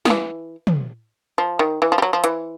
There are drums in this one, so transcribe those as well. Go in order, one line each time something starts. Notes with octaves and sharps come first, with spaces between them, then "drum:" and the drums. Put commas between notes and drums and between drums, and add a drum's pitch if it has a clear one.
D#3, drum: snare
E3
drum: tom
F3
D#3
E3
F3
G3
F#3
F3
E3, drum: hi-hat